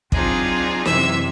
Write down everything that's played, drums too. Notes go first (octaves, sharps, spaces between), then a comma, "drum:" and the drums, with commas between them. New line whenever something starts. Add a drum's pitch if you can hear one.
F#3 C4 D4 D#4 F4 G#4, drum: kick
F#2 C3 E3 E5 E6, drum: snare